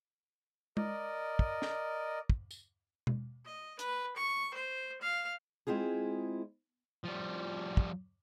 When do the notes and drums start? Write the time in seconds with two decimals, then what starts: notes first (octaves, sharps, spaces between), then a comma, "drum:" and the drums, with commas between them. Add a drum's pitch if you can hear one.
0.77 A#4 D5 D#5, drum: tom G#3
1.39 drum: kick
1.62 drum: snare
2.30 drum: kick
2.51 drum: tambourine
3.07 drum: tom B2
3.45 D#5
3.79 B4, drum: hi-hat
4.16 C#6
4.54 C5
5.01 F5
5.67 G#3 C4 E4 F4 G#4
7.04 F3 G3
7.77 drum: kick